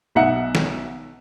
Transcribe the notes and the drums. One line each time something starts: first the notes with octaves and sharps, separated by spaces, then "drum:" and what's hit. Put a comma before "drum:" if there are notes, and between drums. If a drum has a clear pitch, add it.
B1 D#4 E5 F#5 A#5 C#7
drum: snare